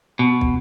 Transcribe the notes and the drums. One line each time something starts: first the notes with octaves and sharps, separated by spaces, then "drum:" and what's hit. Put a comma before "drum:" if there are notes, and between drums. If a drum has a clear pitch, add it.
B2
drum: kick